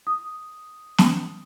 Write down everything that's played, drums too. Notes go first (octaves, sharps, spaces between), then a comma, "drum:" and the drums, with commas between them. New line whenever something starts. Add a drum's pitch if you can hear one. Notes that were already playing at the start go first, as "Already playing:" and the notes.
D#6
drum: snare